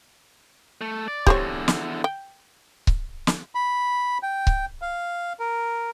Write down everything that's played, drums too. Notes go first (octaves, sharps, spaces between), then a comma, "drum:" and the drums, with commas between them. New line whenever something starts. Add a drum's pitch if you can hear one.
A3
D5
E2 D3 G4 C5 C#5, drum: kick C#1
drum: snare
G5
drum: kick C#1
drum: snare
B5
G5
drum: kick C#1
F5
A#4